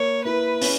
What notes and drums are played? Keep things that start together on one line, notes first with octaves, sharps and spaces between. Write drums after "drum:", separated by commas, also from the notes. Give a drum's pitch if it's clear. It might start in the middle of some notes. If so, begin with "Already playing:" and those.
Already playing: A#3 C#5
E4 B4
C#4, drum: open hi-hat